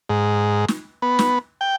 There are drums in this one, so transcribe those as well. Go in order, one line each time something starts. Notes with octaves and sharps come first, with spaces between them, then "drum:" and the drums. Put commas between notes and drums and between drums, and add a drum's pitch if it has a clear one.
G#2
drum: snare
B3
drum: snare
G5